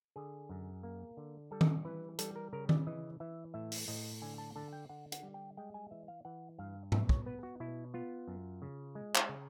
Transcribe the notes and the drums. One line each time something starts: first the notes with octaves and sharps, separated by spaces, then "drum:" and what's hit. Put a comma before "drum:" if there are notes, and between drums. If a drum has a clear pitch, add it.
D3 G#4
F#2
A#3
D3
G3 A4
drum: tom D#3
E3 B4
G3 A4, drum: hi-hat
A#4
C#3 A#4
D5, drum: tom D#3
E3 D#5
E3 E5
A2 E5
drum: open hi-hat
A2 D#5
D3 G#5
A5
D3 A5
G5
D3 F#5
F#5, drum: hi-hat
G3
G5
G#3 G5
G#5
E3 E5
F5
E3 F#5
G2 F5
B2 E5, drum: tom G#2
C#5, drum: kick
B3 B4
F#4
B2 E4
B3 F4
F#2
C#3
G#3
drum: clap
C#3